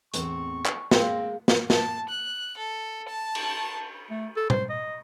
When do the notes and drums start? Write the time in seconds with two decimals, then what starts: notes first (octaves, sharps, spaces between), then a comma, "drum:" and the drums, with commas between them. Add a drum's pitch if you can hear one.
0.14 E2 A2 C4 C#6, drum: hi-hat
0.66 drum: clap
0.91 G#3 A#3 C4, drum: snare
1.48 drum: snare
1.70 A5, drum: snare
2.09 F#6
2.57 A4
3.09 A5
3.35 drum: cymbal
4.10 A3
4.36 A4
4.50 C5, drum: tom B2
4.70 D#5